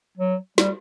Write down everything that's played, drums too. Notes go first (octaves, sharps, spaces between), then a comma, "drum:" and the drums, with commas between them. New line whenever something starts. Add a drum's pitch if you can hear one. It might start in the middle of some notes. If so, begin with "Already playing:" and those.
F#3
G3, drum: snare